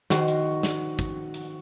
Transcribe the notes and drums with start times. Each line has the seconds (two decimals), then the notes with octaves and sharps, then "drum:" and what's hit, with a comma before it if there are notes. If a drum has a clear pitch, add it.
0.10 D#3 F#4 C5, drum: snare
0.28 drum: hi-hat
0.63 drum: snare
0.99 drum: kick, hi-hat
1.34 drum: hi-hat